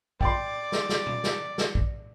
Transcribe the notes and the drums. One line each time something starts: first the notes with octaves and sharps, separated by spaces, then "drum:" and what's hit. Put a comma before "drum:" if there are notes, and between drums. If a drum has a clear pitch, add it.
D5 G5 C6, drum: kick A#1
drum: snare
drum: snare
drum: tom A#2
drum: snare
drum: snare
drum: kick A#1